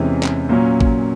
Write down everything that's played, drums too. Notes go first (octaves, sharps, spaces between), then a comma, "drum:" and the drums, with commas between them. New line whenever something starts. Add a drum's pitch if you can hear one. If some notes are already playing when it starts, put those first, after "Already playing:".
Already playing: E2 C3 E3 G#3 C#4
drum: clap
A#2 F#3 A#3 C#4
drum: kick A1